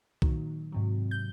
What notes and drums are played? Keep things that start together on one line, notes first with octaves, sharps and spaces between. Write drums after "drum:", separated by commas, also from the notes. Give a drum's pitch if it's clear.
A#2 D#3 F#3, drum: kick B1
G#2 C3 F#3
G6